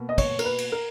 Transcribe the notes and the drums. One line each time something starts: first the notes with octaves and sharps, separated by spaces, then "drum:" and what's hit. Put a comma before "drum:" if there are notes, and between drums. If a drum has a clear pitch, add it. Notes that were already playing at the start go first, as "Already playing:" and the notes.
Already playing: B2 A#3
D#5
C#5, drum: kick, cymbal
A#4, drum: cymbal
B4
drum: cymbal
A#4